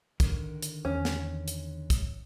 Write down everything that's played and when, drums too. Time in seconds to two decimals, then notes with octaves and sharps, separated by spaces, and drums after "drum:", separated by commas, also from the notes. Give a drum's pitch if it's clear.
0.20 D3 D#3 A#4, drum: kick, hi-hat
0.62 drum: hi-hat
0.85 E2 C#4
1.05 drum: snare
1.48 drum: hi-hat
1.90 drum: kick, hi-hat